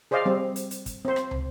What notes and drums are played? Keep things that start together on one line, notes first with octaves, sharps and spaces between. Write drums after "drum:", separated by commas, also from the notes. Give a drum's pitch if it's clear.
G#4 C5 D5 D#5 F5
G3 C4
drum: hi-hat
drum: hi-hat
drum: kick, hi-hat
C4 C5
drum: rim click
drum: tom